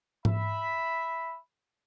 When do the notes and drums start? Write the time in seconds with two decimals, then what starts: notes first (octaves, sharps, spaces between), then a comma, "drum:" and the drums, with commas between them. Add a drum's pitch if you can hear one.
0.25 E5 B5, drum: tom G#2